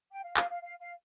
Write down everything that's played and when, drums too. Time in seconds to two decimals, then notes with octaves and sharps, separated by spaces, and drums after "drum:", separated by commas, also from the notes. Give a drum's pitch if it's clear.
0.11 G5
0.24 F5
0.37 F5, drum: clap
0.50 F5
0.62 F5
0.79 F5